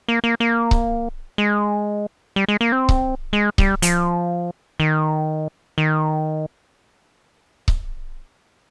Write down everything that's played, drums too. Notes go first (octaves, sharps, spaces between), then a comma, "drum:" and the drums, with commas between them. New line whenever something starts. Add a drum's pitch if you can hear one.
A#3
A#3
A#3
drum: kick C#1
G#3
G3
G#3
A#3
C4
drum: kick C#1
G#3
G3, drum: kick C#1
F3, drum: hi-hat
D#3
D#3
drum: kick C#1